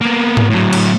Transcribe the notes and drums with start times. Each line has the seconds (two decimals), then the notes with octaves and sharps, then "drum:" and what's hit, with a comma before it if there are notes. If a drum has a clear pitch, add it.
0.01 A#3 B3
0.37 drum: tom G#2
0.50 A2 F#3
0.73 drum: cymbal